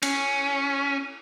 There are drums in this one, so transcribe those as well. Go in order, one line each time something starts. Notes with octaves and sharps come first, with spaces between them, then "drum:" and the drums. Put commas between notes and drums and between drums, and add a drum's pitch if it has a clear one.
C#4, drum: cymbal